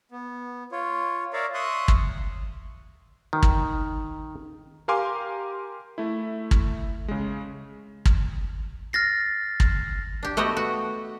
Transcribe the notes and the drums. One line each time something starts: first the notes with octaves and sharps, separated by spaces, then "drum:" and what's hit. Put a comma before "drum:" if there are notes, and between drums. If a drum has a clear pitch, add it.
B3
F4 C#5
A#4 C#5 D5 E5 F5
E5 C6 C#6 D#6 F#6
drum: kick
D#3
drum: kick
G4 A#4 F5 G#5 C6 D6
A3 E4
drum: kick
C#3 G#3
drum: kick
F6 A6 A#6 C7
drum: kick
D4 G4
A3 B3 F#4 G4 D#5
F#4